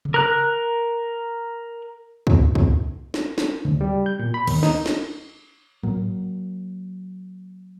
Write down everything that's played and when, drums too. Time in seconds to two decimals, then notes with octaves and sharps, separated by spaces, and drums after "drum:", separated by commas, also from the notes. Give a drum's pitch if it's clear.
0.05 drum: tom C3
0.14 A#4 F#6
2.27 drum: kick
2.55 drum: kick
3.14 drum: snare
3.38 drum: snare
3.65 D2, drum: tom C3
3.81 G3
4.06 G6
4.19 A#2
4.34 B5
4.47 D#2, drum: cymbal
4.63 D#4, drum: snare
4.86 drum: snare
5.83 F#3 A#3, drum: tom G#2